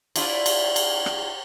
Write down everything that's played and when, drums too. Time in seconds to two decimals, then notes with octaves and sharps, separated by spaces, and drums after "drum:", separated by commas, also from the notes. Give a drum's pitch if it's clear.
0.16 D4 E4 F4, drum: cymbal
0.46 drum: cymbal
0.76 drum: cymbal
1.06 drum: rim click